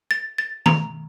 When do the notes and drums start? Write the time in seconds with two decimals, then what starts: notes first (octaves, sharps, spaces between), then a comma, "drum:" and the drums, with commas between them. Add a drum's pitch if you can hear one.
0.11 A6
0.38 A6
0.66 A#5, drum: tom D#3